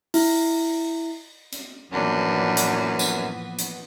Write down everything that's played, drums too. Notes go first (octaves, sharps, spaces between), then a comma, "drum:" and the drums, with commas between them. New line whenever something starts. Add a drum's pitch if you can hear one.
E4, drum: open hi-hat
drum: hi-hat
F#2 A2 E3 F3 A#3 B3 D4 B4
drum: hi-hat
drum: tambourine
drum: hi-hat